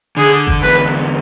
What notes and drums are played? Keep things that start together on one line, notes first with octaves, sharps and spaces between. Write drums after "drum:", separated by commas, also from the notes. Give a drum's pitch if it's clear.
D3 G#4
drum: kick G1
E2 B4